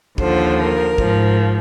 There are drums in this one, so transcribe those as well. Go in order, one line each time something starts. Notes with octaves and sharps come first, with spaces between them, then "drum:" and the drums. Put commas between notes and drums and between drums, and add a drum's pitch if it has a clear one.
D#2 D3 F3 C5, drum: kick
A#4
G#2 F3, drum: kick